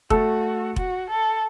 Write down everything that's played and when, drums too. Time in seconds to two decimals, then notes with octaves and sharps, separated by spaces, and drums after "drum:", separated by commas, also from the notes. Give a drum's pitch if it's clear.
0.10 A3 F#4 A4, drum: kick F1
0.76 F#4, drum: kick F1
1.09 A4